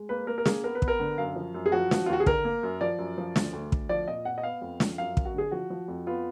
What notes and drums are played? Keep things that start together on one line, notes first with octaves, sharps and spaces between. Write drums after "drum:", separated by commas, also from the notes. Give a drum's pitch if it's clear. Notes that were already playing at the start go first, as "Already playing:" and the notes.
Already playing: G#3
A#3 B4
A#3 A#4
A#4
A#3 G#4, drum: snare
B3 A#4
B4
B3, drum: kick
A#4
D3
F#2 F5
F3
F#2
G#4
F3 F#4
F3, drum: snare
F4
D#2 F#4
G#4
D3 A#4, drum: kick
A#3
F#2
F3 D5
F#2
F3
D2, drum: snare
D2
D2, drum: kick
F3 D5
A#2 D#5
A#2 F#5
D#5
B3 F5
F2
F3, drum: snare
F#2 F5
F#2, drum: kick
F#4
D3 G#4
F3 F#4
F3
F2
B3 F4